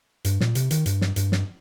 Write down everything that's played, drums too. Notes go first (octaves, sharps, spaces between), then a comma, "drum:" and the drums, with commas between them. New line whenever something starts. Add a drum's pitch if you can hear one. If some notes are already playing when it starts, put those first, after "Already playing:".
G2, drum: hi-hat
A#2, drum: snare
C3, drum: hi-hat
D#3, drum: hi-hat
G2, drum: hi-hat
drum: snare
G2, drum: hi-hat
drum: snare